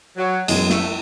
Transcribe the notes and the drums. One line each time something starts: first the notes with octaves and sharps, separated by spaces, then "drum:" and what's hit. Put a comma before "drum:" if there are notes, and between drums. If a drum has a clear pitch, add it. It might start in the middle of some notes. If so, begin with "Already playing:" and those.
F#3
F#2 E3 G#3 B3, drum: cymbal
A3, drum: snare